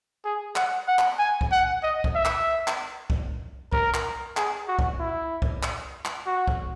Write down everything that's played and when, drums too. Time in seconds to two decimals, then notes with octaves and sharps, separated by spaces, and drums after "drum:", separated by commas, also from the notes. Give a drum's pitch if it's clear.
0.25 G#4
0.56 F#5, drum: clap
0.88 F#5
0.99 drum: clap
1.19 G#5
1.41 drum: kick
1.52 F#5
1.83 D#5
2.04 drum: kick
2.15 E5
2.25 drum: clap
2.68 drum: clap
3.10 drum: kick
3.73 A#4, drum: kick
3.94 drum: clap
4.37 G#4, drum: clap
4.68 F#4
4.79 drum: kick
5.00 E4
5.42 drum: kick
5.63 drum: clap
6.05 drum: clap
6.27 F#4
6.48 drum: kick